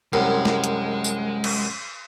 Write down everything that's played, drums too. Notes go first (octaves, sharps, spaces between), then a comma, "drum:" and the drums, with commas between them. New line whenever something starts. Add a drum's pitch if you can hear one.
C2 F#2 G#3
drum: snare
drum: hi-hat
drum: tambourine
drum: cymbal